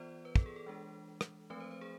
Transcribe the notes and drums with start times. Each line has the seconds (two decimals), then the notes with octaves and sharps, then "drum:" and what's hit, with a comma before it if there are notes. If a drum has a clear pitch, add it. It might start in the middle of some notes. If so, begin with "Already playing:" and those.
Already playing: E3 B3 F4 C5 D5
0.25 B4
0.36 A4, drum: kick
0.46 G#4
0.56 A4
0.66 E3 G#3 D4
1.21 drum: rim click
1.50 F3 A3 C4 B4
1.60 C5
1.71 C5
1.81 G#4